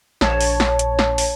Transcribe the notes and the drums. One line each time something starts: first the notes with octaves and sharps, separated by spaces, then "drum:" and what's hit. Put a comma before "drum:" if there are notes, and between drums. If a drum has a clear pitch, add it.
A#1 C#5 A5, drum: snare
drum: open hi-hat
drum: snare
drum: hi-hat
drum: snare
drum: open hi-hat